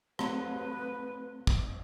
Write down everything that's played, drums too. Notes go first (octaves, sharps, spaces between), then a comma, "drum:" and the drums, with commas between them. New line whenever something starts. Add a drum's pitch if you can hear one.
A3 C4 B4, drum: rim click
drum: kick